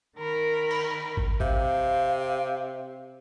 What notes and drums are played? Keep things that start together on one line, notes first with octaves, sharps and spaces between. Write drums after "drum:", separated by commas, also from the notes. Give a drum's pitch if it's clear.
D#3 A#4 B5
drum: cymbal
drum: kick
C3 F5, drum: kick